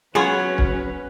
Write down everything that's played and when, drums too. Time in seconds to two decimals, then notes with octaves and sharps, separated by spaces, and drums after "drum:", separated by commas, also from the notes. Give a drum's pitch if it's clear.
0.15 F#3 G#3 B3 C#4 F4 G#4 B4 C#5
0.58 drum: kick